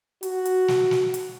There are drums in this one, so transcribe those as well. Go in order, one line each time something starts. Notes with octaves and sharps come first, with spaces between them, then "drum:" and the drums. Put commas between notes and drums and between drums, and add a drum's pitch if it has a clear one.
F#4, drum: hi-hat
drum: hi-hat
drum: snare
drum: snare
drum: hi-hat